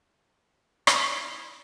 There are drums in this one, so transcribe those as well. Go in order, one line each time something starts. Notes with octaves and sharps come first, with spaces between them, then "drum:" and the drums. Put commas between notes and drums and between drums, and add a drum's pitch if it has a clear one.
D#4 E4, drum: rim click